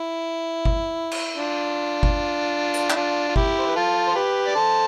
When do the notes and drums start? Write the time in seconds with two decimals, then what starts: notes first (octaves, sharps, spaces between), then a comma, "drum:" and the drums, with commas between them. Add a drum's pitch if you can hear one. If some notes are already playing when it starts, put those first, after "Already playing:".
Already playing: E4
0.65 drum: kick G1
1.12 drum: cymbal
1.37 D4 F4
2.03 drum: kick G1
2.74 drum: hi-hat
2.90 E4, drum: clap
2.96 D4 F4
3.29 F4
3.36 E4 G4, drum: kick G1
3.58 C5
3.67 B4
3.76 F4 A4
4.07 C5
4.16 G4 B4
4.47 D5
4.55 A4 C5